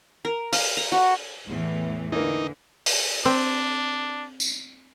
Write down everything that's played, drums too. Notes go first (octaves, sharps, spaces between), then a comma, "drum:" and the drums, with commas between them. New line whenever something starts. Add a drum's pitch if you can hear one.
A#4
F5, drum: open hi-hat
A#5
F#4
E2 A2 E3
D3 E3 A#3 D#4
drum: open hi-hat
C4 D4
drum: tambourine